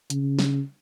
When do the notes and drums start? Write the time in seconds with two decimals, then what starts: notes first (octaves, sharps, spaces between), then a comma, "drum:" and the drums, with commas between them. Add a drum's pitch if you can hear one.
0.10 C#3, drum: hi-hat
0.39 drum: snare